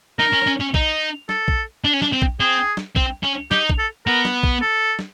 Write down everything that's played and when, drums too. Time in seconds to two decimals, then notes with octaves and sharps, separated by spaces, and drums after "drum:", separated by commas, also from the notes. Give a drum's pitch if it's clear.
0.19 D#4 A#4
0.33 C#4
0.47 C#4
0.60 C#4
0.74 D#4, drum: kick
1.29 A4, drum: snare
1.48 drum: kick
1.85 D4
1.93 C#4
2.02 D4, drum: snare
2.12 C4
2.22 drum: kick
2.40 C4 G#4
2.77 drum: snare
2.96 C4, drum: kick
3.24 C#4
3.51 D#4 G4, drum: snare
3.69 drum: kick
3.79 A4
4.06 B3 A#4
4.25 drum: snare
4.43 drum: kick
4.62 A4
4.99 drum: snare